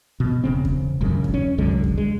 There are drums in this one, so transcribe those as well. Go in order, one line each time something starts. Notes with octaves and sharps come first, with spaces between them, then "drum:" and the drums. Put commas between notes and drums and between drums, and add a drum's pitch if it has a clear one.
B2
E1 C#3 C4
drum: kick E2
E1 A#1 F#2 C#3
drum: kick E2
C#4
C2 F#2 D3 G#3
drum: kick E2
G#3